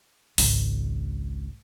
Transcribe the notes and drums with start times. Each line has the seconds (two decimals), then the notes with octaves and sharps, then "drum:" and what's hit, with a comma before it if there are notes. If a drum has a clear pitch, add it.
0.38 G#1 C#2, drum: open hi-hat